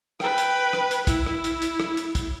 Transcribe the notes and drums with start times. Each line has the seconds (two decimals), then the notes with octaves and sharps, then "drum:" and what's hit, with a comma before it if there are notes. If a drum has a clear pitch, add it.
0.20 B4 G5, drum: rim click
0.38 drum: hi-hat
0.73 drum: rim click
0.91 drum: hi-hat
1.07 E4, drum: kick, hi-hat
1.26 drum: rim click
1.44 drum: hi-hat
1.62 drum: hi-hat
1.80 drum: rim click
1.97 drum: hi-hat
2.15 drum: kick, hi-hat